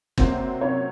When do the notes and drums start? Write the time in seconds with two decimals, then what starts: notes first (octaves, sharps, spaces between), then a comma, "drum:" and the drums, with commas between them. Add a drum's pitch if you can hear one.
0.18 C3 F#3 A#3 C4 C5, drum: kick G1
0.61 C#4 C#5